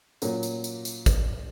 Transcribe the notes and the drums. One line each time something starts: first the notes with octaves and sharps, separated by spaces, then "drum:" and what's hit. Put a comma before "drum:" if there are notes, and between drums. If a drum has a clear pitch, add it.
A#2 F#3 A#3 C#4, drum: tambourine
drum: tambourine
drum: tambourine
drum: tambourine
drum: kick, tambourine